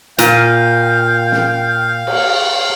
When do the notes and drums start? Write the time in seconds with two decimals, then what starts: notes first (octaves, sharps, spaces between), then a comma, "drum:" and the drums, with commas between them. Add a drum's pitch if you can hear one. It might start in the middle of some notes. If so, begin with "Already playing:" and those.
0.19 A#2 F5 G5, drum: hi-hat
1.32 drum: snare
2.07 drum: cymbal